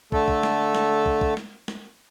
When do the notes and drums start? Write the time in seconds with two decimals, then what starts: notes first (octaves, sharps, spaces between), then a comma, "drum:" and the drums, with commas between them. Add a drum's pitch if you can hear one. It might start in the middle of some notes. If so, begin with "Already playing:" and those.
0.12 D3 A3 A4, drum: kick
0.28 drum: kick
0.43 drum: snare
0.75 drum: snare
1.06 drum: kick
1.21 drum: kick
1.37 drum: snare
1.68 drum: snare